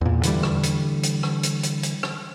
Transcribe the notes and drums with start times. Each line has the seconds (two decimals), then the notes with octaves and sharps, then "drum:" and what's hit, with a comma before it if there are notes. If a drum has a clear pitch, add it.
0.01 E2 A#2
0.23 D3 E3 G3, drum: hi-hat
0.43 drum: rim click
0.63 drum: hi-hat
1.03 drum: hi-hat
1.23 drum: rim click
1.43 drum: hi-hat
1.63 drum: hi-hat
1.83 drum: hi-hat
2.03 drum: rim click